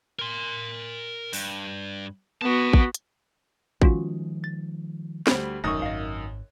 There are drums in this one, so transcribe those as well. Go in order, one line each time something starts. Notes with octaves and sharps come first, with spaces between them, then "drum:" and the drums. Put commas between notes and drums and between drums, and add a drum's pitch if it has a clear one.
A#4 C6
G2, drum: open hi-hat
B3 F#4 F#5 A5
drum: kick
drum: hi-hat
D#3 F3 G#3 C#4 F4 F#4, drum: kick
A6
D2 G3 C5 B5, drum: snare
D#1 F#2 D#3 C#6 D#6 A#6
G#1 D#5 F5